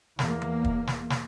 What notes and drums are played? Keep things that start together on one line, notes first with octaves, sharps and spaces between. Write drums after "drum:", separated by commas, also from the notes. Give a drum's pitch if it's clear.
E2 A#3, drum: snare
drum: tom E3
drum: kick
drum: snare
drum: snare